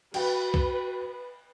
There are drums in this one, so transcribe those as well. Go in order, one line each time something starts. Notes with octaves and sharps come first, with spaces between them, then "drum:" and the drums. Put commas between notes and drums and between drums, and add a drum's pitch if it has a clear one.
F#4 B4 G5, drum: cymbal
drum: kick C2